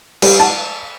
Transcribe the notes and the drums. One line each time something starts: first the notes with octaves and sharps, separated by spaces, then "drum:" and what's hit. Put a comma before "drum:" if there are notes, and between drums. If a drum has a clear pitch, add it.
G3, drum: cymbal
A5